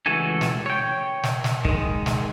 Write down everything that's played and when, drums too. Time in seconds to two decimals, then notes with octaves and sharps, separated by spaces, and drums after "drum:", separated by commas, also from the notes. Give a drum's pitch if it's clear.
0.06 C#2 E3 A3 F#4 A4 G#5
0.41 drum: snare
0.66 C#5 G5
1.23 drum: snare
1.44 drum: snare
1.65 D#3 G#3, drum: kick
2.06 drum: snare